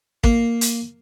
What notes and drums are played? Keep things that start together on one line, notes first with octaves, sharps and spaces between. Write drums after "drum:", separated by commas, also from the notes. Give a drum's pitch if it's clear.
A#3, drum: kick
drum: hi-hat